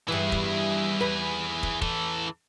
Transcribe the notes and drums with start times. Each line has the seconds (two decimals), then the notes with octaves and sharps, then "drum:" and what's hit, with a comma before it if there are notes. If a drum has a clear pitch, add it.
0.08 G2 E3 E4 G#4
0.32 drum: kick
1.01 E2 B4
1.63 drum: kick
1.82 E3 A4, drum: kick